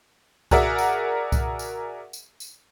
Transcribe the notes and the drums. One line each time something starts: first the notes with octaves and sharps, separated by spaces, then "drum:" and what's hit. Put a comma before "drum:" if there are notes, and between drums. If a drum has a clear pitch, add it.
F#4 G#4 A#4 D5 E5 F#5, drum: kick C2, tambourine
drum: tambourine
drum: kick C2, tambourine
drum: tambourine
drum: tambourine
drum: tambourine